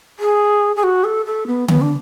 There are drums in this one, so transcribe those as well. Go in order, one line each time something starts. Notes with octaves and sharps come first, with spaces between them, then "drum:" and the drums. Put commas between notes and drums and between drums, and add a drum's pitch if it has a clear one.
G#4
G#4
F#4
A4
A4
B3
B3, drum: tom D3
D4